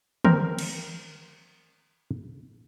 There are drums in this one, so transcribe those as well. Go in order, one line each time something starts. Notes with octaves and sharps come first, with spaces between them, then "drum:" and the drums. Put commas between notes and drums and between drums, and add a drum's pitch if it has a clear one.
C4 A#4, drum: tom
drum: cymbal